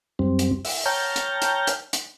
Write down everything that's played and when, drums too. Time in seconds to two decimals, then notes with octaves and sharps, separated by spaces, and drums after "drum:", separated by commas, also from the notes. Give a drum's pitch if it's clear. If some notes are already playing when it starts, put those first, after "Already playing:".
0.19 F#2 G3 C4
0.39 drum: hi-hat
0.65 E5, drum: open hi-hat
0.85 C#5 G5 A5 A#5 F6 G6
1.16 drum: hi-hat
1.42 drum: hi-hat
1.67 drum: hi-hat
1.93 drum: hi-hat